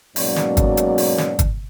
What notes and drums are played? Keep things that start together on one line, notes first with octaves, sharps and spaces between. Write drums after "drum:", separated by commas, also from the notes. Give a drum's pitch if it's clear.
G#2 B2 F#3 A#3 C#4 D5, drum: open hi-hat
drum: snare
drum: kick, hi-hat
drum: hi-hat
drum: open hi-hat
drum: snare
drum: kick, hi-hat